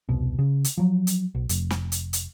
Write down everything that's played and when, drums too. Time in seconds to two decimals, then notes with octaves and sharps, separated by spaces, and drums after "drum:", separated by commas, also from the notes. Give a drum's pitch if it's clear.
0.09 E1 C2 B2
0.39 C#3
0.64 drum: hi-hat
0.77 F3 F#3
1.07 drum: hi-hat
1.35 B1
1.49 F1, drum: hi-hat
1.71 drum: snare
1.92 drum: hi-hat
2.13 drum: hi-hat